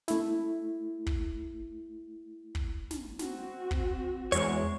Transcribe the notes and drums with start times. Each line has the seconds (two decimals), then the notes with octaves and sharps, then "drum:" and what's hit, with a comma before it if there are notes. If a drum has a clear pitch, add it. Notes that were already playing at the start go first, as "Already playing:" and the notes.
0.08 A3 E4, drum: snare
1.06 drum: kick
2.55 drum: kick
2.91 drum: snare
3.19 C4 F#4, drum: snare
3.71 drum: kick
4.32 E2 G#3 C#5, drum: hi-hat